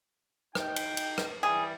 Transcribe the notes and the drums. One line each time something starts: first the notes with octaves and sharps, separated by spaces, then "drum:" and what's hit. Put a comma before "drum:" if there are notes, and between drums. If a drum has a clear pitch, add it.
D#4 G5, drum: rim click
drum: cymbal
drum: cymbal
drum: rim click
E3 G3 G#4